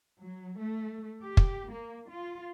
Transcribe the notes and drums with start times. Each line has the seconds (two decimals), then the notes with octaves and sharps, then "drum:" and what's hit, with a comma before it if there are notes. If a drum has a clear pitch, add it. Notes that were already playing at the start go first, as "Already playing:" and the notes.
0.22 F#3
0.58 A3
1.22 G4
1.37 drum: kick
1.70 A#3
2.09 F4